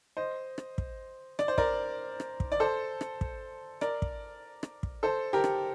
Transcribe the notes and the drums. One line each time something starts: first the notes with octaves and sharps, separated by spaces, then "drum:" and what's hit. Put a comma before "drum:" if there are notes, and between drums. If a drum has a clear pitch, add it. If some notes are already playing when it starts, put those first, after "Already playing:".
C5 D#5
drum: rim click
drum: kick
D5, drum: rim click
C5
A#4 D5, drum: kick
drum: rim click
drum: kick
D5
A4 C5
drum: rim click
drum: kick
A#4 D5, drum: rim click
drum: kick
drum: rim click
drum: kick
A4 C5
G4 A#4
drum: rim click